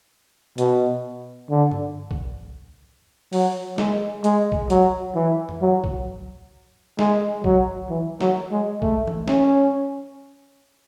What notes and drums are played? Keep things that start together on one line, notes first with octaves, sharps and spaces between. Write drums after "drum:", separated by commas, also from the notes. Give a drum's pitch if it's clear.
B2, drum: hi-hat
D3
drum: tom G2
drum: kick B1
F#3, drum: open hi-hat
G#3, drum: snare
G#3, drum: hi-hat
drum: kick B1
F#3, drum: hi-hat
E3
drum: tom F2
F#3
drum: kick B1
G#3, drum: snare
F#3, drum: kick B1
E3
F#3, drum: snare
G#3
A3, drum: kick B1
drum: tom E3
C#4, drum: snare